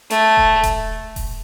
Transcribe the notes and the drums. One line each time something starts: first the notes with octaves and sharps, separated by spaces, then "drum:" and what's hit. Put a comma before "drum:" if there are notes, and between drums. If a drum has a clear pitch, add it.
A3, drum: hi-hat
drum: kick D#1
drum: kick D#1, hi-hat
drum: kick D#1, open hi-hat